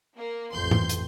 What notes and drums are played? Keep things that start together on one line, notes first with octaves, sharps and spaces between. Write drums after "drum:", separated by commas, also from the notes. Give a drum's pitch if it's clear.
A#3
A1 F2 C6 G6
drum: tom G#2
drum: hi-hat